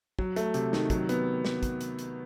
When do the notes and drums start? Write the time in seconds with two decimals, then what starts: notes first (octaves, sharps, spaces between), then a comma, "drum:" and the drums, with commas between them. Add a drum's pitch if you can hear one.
0.19 F#3, drum: kick
0.36 A3, drum: hi-hat
0.54 C3, drum: hi-hat
0.73 D#3, drum: snare
0.90 F#3, drum: kick, hi-hat
1.09 B3, drum: hi-hat
1.45 drum: snare
1.63 drum: kick, hi-hat
1.81 drum: hi-hat
1.99 drum: hi-hat